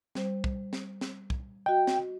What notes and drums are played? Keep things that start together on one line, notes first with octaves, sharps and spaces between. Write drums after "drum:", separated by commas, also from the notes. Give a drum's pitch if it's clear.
G3 C5, drum: snare
drum: kick
drum: snare
drum: snare
drum: kick
F#4 D#5 G5
drum: snare